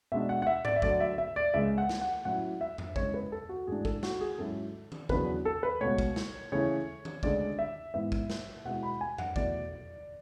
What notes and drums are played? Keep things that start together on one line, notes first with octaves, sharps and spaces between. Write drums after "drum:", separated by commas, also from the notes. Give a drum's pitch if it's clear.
B2 G#3 D4 E5
F#5
F#5
E5
D5, drum: tom G#2
E5
D2 D3 F#3 D5, drum: kick
E5
E5
D5
C#2 C#3 G#3 E5
F#5
drum: snare
F#5
A2 F#3 C#4 E4 F#5
E5
drum: tom F2
C#3 G#3 C#4 E4 C#5, drum: kick
B4
A4
F#4
G#2 E3 A3 D4 G#4
A4, drum: kick
F#4, drum: snare
G#4
G#2 F#3 C#4 E4 A4
drum: tom D#3
E2 C#3 F#3 B3 D4 B4, drum: kick
A4
B4
C#2 B2 A3 C#5
drum: kick
drum: snare
C#3 E3 A3 C#4 E4 C#5
drum: tom D#3
D2 C#3 G#3 D4 D5, drum: kick
E5
G#2 E3 B3 E5
drum: kick
drum: snare
B2 G#3 B3 E4 F#5
B5
G#5
F#5, drum: tom F2
E2 B2 A3 E4 D5, drum: kick